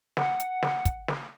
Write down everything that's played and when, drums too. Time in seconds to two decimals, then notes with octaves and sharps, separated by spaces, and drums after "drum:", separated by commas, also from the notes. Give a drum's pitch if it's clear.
0.17 F#5, drum: snare
0.40 drum: hi-hat
0.63 drum: snare
0.85 drum: kick, hi-hat
1.08 drum: snare